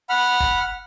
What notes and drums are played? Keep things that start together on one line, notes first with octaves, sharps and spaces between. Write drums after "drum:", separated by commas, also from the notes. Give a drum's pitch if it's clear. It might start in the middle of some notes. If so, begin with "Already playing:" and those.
F#5 B5 F6
drum: kick F#1